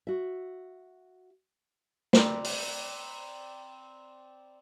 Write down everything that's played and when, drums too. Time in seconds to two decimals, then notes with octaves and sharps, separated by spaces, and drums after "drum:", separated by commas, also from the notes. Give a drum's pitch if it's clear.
0.07 F#4 E5
2.13 C4 D5 A#5 B5, drum: snare
2.44 drum: open hi-hat